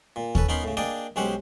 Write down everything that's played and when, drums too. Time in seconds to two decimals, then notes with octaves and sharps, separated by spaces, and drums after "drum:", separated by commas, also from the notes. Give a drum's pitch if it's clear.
0.16 A#2
0.35 C#4 A4 B4, drum: kick D#2
0.49 B3 C#4 D#4 A#4 B5 C6
0.63 A2 C#3
0.77 A#3 D4 G#4 D5 D#5 G5
1.16 B1 G#3 C#4 G4 C5 F#5